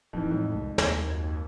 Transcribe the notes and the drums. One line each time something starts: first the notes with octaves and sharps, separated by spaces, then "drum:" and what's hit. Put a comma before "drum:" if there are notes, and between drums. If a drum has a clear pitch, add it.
D1 F2 E3 D#4
F2 A2 G#3
C2
D#2 C#5, drum: snare
F#2 G#6